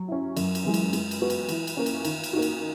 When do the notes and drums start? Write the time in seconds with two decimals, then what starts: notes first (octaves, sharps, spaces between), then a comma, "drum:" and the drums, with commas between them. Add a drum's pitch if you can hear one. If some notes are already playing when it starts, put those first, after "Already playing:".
Already playing: F#3
0.08 C#4 E4
0.36 F#2, drum: cymbal
0.55 drum: cymbal
0.64 E3 G#3
0.74 drum: cymbal
0.93 G#3, drum: cymbal
1.11 drum: cymbal
1.20 B3 F#4 B4
1.30 drum: cymbal
1.49 E3, drum: cymbal
1.67 drum: cymbal
1.77 A#3 C#4
1.86 drum: cymbal
2.05 D#3, drum: cymbal
2.24 drum: cymbal
2.33 A#3 D#4 F#4
2.42 drum: cymbal